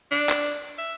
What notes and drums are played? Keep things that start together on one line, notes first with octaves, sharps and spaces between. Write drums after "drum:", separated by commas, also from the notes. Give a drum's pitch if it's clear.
D4
drum: clap
E5